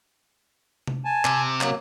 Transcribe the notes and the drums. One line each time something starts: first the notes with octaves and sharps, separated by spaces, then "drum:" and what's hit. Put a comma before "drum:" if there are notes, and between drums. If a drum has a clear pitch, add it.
drum: tom C3
G#5 A5
C3, drum: clap
F#3 A#3, drum: clap